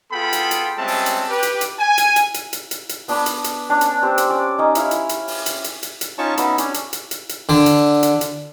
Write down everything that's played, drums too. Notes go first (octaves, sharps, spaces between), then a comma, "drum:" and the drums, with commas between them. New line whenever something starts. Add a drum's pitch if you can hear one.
B3 F4 G#4 A4 G5 B5
drum: hi-hat
drum: hi-hat
G3 G#3 C4 C#4 E5 A5
drum: open hi-hat
drum: hi-hat
G4 B4
drum: hi-hat
drum: hi-hat
G#5
drum: hi-hat
drum: hi-hat
drum: hi-hat
drum: hi-hat
drum: hi-hat
drum: hi-hat
B3 D4 B4 D5, drum: open hi-hat
drum: hi-hat
drum: hi-hat
C#4 D4 C#5
drum: hi-hat
C4 G4
drum: hi-hat
C#4 D5
C#4 D#4
E4 F5, drum: hi-hat
drum: hi-hat
drum: hi-hat
drum: open hi-hat
drum: hi-hat
drum: hi-hat
drum: hi-hat
drum: hi-hat
C#4 D#4 F4 C#5 A5 C#6
B3 C#4 D#4 E4 F#4, drum: hi-hat
C#4 D4 C#5, drum: hi-hat
drum: hi-hat
drum: hi-hat
drum: hi-hat
drum: hi-hat
D3, drum: open hi-hat
drum: hi-hat
drum: hi-hat
drum: hi-hat